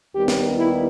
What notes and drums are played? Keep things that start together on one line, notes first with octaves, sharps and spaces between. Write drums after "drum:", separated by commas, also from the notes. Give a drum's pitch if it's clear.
D#2 D#3 G3 B3 G4
drum: snare
E4